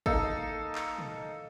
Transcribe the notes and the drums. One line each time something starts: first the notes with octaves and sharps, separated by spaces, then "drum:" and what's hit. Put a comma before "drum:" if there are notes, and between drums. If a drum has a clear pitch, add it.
A#3 D#4 A4, drum: kick
drum: clap
drum: tom